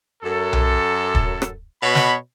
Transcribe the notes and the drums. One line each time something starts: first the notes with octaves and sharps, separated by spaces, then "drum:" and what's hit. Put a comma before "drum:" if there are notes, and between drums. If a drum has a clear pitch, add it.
F#2 A4
drum: tom B1
drum: kick
drum: rim click
B2 C#5 B5
drum: snare